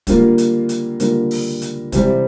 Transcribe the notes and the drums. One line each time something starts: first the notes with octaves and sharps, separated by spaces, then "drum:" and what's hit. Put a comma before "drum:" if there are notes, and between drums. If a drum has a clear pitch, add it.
D3 G3 A#3 F4 A#4, drum: kick, hi-hat
drum: hi-hat
drum: hi-hat
D3 G3 A#3 F4 A#4, drum: hi-hat
drum: open hi-hat
drum: hi-hat
C3 E3 G3 C4, drum: kick, hi-hat